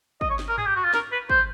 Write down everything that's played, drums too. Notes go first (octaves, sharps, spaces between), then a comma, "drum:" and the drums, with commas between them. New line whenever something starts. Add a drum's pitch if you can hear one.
D#5, drum: kick
C#5
drum: snare
A#4
G#4, drum: tom G2
G4
F#4
F4
A#4, drum: snare
B4
C5, drum: kick